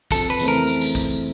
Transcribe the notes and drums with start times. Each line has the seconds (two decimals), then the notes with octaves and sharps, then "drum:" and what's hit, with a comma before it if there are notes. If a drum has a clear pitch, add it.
0.11 F2 A4, drum: kick, tambourine
0.30 B4
0.39 C#3 E3 A3 C4, drum: tambourine
0.48 A#4
0.67 drum: tambourine
0.81 drum: tambourine
0.95 drum: kick, tambourine